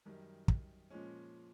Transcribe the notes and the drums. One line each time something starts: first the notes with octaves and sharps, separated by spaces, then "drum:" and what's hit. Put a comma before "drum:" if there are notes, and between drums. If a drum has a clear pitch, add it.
F#2 D#3 G3
drum: kick
A#2 F3 G#3 C#4